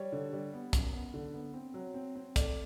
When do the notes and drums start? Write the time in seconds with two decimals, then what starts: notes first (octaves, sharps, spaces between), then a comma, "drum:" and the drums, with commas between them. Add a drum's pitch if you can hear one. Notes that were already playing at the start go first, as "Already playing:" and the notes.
Already playing: G3 C#5
0.12 D3
0.33 G3
0.53 B3
0.73 F#2, drum: kick, hi-hat
0.93 B3
1.14 D3
1.34 B3
1.54 C4
1.74 F#3
1.94 C4
2.15 C4
2.36 A3 D5, drum: kick, hi-hat